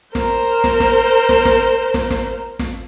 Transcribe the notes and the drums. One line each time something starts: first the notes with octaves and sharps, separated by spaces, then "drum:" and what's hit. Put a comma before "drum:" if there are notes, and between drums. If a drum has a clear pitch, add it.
A#4 C5, drum: snare
drum: snare
drum: snare
drum: snare
drum: snare
drum: snare
drum: snare
drum: snare